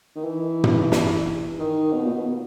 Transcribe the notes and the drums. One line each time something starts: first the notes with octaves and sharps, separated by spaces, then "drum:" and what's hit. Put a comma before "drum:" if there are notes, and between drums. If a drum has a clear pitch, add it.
D#3
E3
drum: tom
drum: snare
D#3
B2
A#2
B2